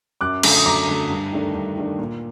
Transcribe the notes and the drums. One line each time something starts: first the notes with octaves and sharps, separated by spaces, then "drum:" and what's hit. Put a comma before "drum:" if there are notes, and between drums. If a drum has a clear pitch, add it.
F#2 D6 F#6
D3 F#3 A3, drum: cymbal
D#6
F#2 A#5 D6
D3 F#3 A3
G2
D#3 A3 D4
G2
D#3 A3 D4
A#2